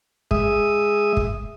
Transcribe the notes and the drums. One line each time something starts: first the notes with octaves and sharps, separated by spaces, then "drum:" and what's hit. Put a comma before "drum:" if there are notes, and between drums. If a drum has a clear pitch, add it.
G#3 E5 D#6, drum: kick
drum: kick